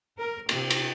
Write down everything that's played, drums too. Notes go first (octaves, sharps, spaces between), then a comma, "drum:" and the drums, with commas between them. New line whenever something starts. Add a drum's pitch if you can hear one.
A#4
C3, drum: cymbal
drum: cymbal